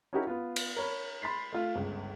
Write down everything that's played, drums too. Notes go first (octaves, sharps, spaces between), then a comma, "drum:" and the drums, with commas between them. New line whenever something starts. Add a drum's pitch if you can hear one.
C#4 D#4 E4 F#4 G4 A#4
B3 F4
drum: cymbal
A#4 C#5 B5
B5 C6 A6 B6 C7
A3 F4
G1 C#2